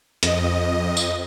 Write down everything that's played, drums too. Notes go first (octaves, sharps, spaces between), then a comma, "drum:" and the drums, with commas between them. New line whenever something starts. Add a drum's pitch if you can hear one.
F2 D#5, drum: hi-hat
drum: tambourine